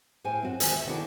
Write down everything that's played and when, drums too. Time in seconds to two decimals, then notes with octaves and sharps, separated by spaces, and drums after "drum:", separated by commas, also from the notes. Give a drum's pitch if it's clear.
0.24 A2 C5 G5 G#5
0.41 F#2 C4 F#4
0.60 D2 D#3 D#4 C5 G#5 A5, drum: hi-hat
0.74 E5
0.86 D#3 A#3 D4 E4 F#4 A4